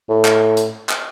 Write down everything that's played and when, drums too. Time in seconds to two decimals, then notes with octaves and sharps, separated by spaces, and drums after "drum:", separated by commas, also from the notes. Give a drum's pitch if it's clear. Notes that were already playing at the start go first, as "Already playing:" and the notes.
0.09 A2
0.25 drum: clap
0.57 drum: hi-hat
0.89 drum: clap